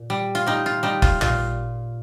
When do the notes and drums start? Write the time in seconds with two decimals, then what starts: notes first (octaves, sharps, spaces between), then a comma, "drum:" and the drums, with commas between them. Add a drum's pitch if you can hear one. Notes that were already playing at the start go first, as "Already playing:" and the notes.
Already playing: A#2
0.10 G3
0.35 F4
0.46 G3 D#4
0.66 F4
0.83 G3 D#4
1.02 F4, drum: kick F#1
1.21 A#2 F4, drum: tom